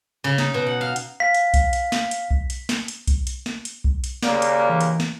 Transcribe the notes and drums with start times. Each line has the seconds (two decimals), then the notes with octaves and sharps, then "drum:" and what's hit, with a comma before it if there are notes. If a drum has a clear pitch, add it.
0.24 C#3
0.38 D#4, drum: snare
0.54 B2
0.67 F#5
0.81 F5
0.96 drum: hi-hat
1.20 F5 B6
1.34 drum: hi-hat
1.54 drum: kick B1, hi-hat
1.73 drum: hi-hat
1.92 drum: snare
2.11 drum: hi-hat
2.31 drum: kick B1
2.50 drum: hi-hat
2.69 drum: snare
2.88 drum: hi-hat
3.08 drum: kick B1, hi-hat
3.27 drum: hi-hat
3.46 drum: snare
3.65 drum: hi-hat
3.84 drum: kick B1
4.04 drum: hi-hat
4.23 D#2 C#3 A#3 D5, drum: snare
4.42 drum: hi-hat
4.69 E3
4.81 drum: hi-hat
5.00 drum: snare